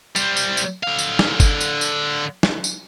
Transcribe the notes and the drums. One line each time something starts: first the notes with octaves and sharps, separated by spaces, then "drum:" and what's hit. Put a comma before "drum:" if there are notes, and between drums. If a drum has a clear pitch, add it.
G3 C5, drum: tambourine
drum: tambourine
drum: tambourine
D3 F5
drum: tambourine
drum: snare
drum: kick G1, tambourine
drum: tambourine
drum: tambourine
drum: snare
drum: tambourine